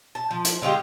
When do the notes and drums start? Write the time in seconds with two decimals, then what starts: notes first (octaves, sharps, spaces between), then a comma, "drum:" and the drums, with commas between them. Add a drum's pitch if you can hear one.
0.15 A5
0.31 F3
0.45 drum: hi-hat
0.62 D3 G#3 F4 G4